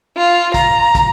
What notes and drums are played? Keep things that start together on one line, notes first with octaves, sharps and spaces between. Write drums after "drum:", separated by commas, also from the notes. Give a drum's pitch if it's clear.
F4
A#5, drum: kick, hi-hat
drum: kick, hi-hat